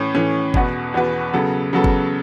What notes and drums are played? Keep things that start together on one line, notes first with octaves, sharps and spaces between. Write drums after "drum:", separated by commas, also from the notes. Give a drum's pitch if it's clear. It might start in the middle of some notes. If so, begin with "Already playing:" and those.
Already playing: A2 E3 C#4
A2 E3 C#4
E2 B2 B3 F#4 B4, drum: kick G1
E2 B2 B3 F#4 B4
C#3 F#3 B3 A4
C#3 F#3 B3 A4
drum: kick G1